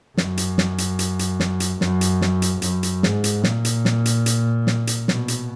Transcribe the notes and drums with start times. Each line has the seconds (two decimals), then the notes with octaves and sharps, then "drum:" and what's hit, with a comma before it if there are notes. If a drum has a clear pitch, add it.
0.17 F#2, drum: snare
0.37 drum: hi-hat
0.58 drum: snare
0.78 drum: hi-hat
0.99 drum: hi-hat
1.19 drum: hi-hat
1.40 drum: snare
1.60 drum: hi-hat
1.81 F#2, drum: snare
2.01 drum: hi-hat
2.21 drum: snare
2.42 drum: hi-hat
2.62 F#2, drum: hi-hat
2.83 drum: hi-hat
3.03 G#2, drum: snare
3.24 drum: hi-hat
3.44 A#2, drum: snare
3.65 drum: hi-hat
3.85 drum: snare
4.05 drum: hi-hat
4.26 drum: hi-hat
4.67 drum: snare
4.87 drum: hi-hat
5.08 B2, drum: snare
5.28 drum: hi-hat